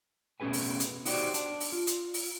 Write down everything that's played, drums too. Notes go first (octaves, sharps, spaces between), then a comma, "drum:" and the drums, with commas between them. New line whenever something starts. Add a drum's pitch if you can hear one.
B2 A3 C#4 G#4 B4 G#5
drum: open hi-hat
drum: hi-hat
D#4 F#4 G4 C5 D5, drum: open hi-hat
D4, drum: hi-hat
drum: open hi-hat
F4
drum: hi-hat
drum: open hi-hat